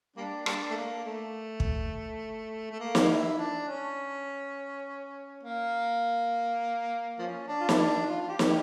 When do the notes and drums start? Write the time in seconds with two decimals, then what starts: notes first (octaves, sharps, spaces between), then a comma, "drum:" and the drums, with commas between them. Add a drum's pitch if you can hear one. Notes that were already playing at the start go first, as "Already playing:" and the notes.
0.17 G3 A#3 D4
0.46 G3 A#3 D4, drum: rim click
0.71 A3
0.76 A#3
1.05 A3
1.60 drum: kick
2.71 A3
2.80 A#3
2.95 drum: snare
3.10 E4
3.38 D4
3.68 C#4
5.43 A#3
7.19 F3 A#3 C#4
7.48 D4
7.61 F4
7.69 E4, drum: snare
7.77 D4
8.06 F4
8.21 F4
8.28 G4
8.39 drum: snare